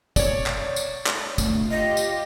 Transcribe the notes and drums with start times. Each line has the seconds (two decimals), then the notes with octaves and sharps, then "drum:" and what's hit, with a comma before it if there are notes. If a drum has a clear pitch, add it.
0.16 C#5 D5, drum: kick, tambourine
0.46 drum: clap
0.76 drum: tambourine
1.07 drum: clap
1.38 D2, drum: kick, tambourine
1.71 F4 G4 D#5
1.97 drum: tambourine